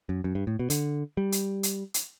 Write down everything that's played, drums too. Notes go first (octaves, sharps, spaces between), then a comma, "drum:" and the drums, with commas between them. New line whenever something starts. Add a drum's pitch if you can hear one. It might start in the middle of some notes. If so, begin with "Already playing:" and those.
F#2
F#2
G2
A2
B2
D3, drum: hi-hat
G3
drum: hi-hat
drum: hi-hat
drum: hi-hat